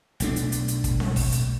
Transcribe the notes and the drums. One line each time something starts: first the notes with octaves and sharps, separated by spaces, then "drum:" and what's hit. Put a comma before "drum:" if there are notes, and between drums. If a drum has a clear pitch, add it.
B1 A3 D4, drum: hi-hat
drum: hi-hat
drum: hi-hat
drum: hi-hat
drum: kick, hi-hat
drum: snare C4
drum: kick, open hi-hat
drum: hi-hat